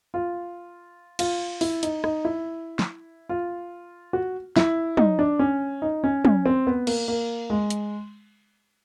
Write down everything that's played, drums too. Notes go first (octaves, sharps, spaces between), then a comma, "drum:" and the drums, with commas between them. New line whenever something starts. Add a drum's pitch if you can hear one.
F4
F4, drum: cymbal
E4, drum: open hi-hat
D#4, drum: hi-hat
D#4, drum: rim click
E4
drum: snare
F4
F#4
E4, drum: snare
D#4, drum: tom
D4
C#4
D#4
C#4
C#4, drum: tom
C4
B3
A#3, drum: cymbal
A#3
G#3
drum: hi-hat